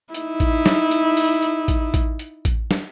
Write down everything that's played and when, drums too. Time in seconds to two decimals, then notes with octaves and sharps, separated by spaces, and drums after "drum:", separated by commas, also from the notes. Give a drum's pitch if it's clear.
0.14 D#4 E4, drum: hi-hat
0.40 drum: kick A1, hi-hat
0.66 drum: snare
0.91 drum: hi-hat
1.17 drum: open hi-hat
1.43 drum: hi-hat
1.68 drum: kick A1, hi-hat
1.94 drum: kick A1, hi-hat
2.19 drum: hi-hat
2.45 drum: kick A1, hi-hat
2.71 drum: snare